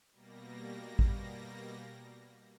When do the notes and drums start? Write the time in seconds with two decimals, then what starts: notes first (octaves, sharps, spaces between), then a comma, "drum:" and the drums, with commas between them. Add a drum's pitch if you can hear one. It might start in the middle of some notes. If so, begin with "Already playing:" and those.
0.12 B2 G3 A#3 A#6
0.99 drum: kick A1